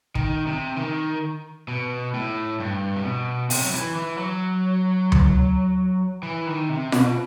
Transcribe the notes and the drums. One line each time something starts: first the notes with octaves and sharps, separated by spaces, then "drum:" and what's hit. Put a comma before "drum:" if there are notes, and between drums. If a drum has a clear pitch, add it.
D#3, drum: kick
C3
D#3
B2
A2
G2
C3
B2
C3, drum: open hi-hat
F#3
E3
E3
F#3
drum: tom D2
E3
D#3
C3
B2, drum: snare F4